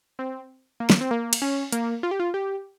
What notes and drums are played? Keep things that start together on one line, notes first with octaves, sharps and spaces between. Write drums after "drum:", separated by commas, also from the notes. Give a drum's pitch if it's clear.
C4
A#3
drum: snare
C4
A#3
drum: cymbal
C#4
A#3, drum: hi-hat
F4
G4
F4
G4